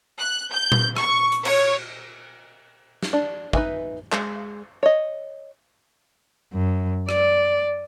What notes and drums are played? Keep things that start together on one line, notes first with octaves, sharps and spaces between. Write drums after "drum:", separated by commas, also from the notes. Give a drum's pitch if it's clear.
F#6
G6
drum: tom A#2
C#6, drum: rim click
drum: hi-hat
C#5, drum: cymbal
drum: snare
D4
D#4 B4 E5 G#5, drum: kick
G#3, drum: clap
C#5 D#5
F#2
D5, drum: rim click